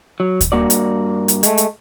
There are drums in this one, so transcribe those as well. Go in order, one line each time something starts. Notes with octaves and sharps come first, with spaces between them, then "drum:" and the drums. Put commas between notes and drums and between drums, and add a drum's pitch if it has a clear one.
F#3
drum: kick D2, hi-hat
G2 A#3 F#4 D5
drum: hi-hat
drum: hi-hat
G#3 A3, drum: hi-hat
drum: hi-hat